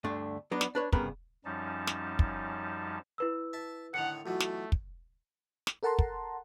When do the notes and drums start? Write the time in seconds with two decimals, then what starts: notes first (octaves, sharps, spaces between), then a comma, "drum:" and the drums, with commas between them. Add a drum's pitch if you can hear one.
0.04 D2 G2 D3 A3 D4
0.51 F#3 B3 D4 D#4
0.61 drum: snare
0.75 D4 B4 C#5
0.92 C2 G2 C#3 B3 A#4 B5, drum: kick
1.45 F#2 F3 G3 C#4 D#4 A5
1.87 drum: snare
2.19 drum: kick
3.18 E4 B4 E6
3.53 E5 A5
3.94 A2 D3 D#3 F#5 C#7 F7
4.26 B1 B2 E3 A3 F4
4.40 drum: snare
4.72 drum: kick
5.67 drum: snare
5.83 A4 A#4 F#5 A5 A#5 C6
5.99 drum: kick